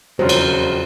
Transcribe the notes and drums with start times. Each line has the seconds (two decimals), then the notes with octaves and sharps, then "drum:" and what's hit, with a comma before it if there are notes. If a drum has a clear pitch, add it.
0.19 E1 F2 C#3 F#3 F4 C5
0.29 drum: cymbal